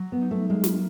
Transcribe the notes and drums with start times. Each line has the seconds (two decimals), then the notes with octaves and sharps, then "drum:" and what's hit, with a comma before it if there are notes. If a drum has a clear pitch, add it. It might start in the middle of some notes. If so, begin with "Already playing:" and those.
Already playing: F#3
0.12 B3
0.21 D#4
0.31 A3
0.50 G#3 A#3
0.64 drum: snare